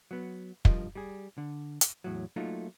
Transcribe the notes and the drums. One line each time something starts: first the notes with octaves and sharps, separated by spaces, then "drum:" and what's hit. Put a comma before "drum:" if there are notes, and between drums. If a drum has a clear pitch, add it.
F#3 B3
G2 F3 F4 A#4 D#5, drum: kick
G3 G#4
D3
drum: hi-hat
E2 A2 F#3
F#3 A3 A#3 D#4 F4 A#4